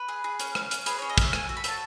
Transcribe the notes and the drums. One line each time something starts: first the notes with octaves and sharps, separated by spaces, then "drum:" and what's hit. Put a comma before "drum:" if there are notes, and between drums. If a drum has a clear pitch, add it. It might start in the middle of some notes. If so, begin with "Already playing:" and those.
Already playing: B4
G#4
G#4
C#4, drum: hi-hat
C#4, drum: rim click
C#4, drum: hi-hat
G#4 B4, drum: hi-hat
C#4 C#5
D#5
C#4 E5, drum: kick, hi-hat
A3 G#5, drum: rim click
F#4
B5
A3 A5, drum: hi-hat